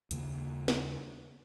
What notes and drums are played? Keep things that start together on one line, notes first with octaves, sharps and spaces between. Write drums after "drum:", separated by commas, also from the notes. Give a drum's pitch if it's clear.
D#2 C#3 A#3, drum: hi-hat
drum: snare